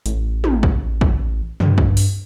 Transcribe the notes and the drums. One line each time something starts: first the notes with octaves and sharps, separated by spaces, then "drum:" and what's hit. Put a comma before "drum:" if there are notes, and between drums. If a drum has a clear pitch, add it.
A1, drum: hi-hat
drum: tom
drum: kick
drum: kick
G2, drum: tom
drum: kick
drum: open hi-hat